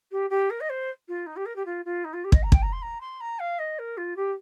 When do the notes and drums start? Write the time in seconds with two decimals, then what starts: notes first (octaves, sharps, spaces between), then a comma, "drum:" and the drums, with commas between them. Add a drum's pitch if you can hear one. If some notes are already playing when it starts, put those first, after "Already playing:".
0.11 G4
0.30 G4
0.50 A#4
0.60 D#5
0.69 C5
1.08 F4
1.26 D#4
1.36 G4
1.45 A#4
1.55 G4
1.65 F4
1.85 F4
2.04 D#4
2.13 F4
2.24 G4
2.32 D#5, drum: kick
2.42 A#5
2.52 G5, drum: kick
2.62 A#5
2.72 C6
2.82 A#5
3.00 C6
3.20 A#5
3.39 F5
3.58 D#5
3.78 A#4
3.97 F4
4.16 G4